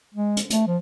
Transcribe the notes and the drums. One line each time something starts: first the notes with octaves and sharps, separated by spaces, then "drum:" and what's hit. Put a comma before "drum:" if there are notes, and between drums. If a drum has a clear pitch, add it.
G#3
drum: hi-hat
A3, drum: hi-hat
F3